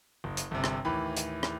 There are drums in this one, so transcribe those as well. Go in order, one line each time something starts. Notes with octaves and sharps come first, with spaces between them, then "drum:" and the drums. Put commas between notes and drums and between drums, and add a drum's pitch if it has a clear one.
F#1
drum: hi-hat
G1 C3
drum: rim click
D#2 A2 E3 B5
drum: hi-hat
drum: rim click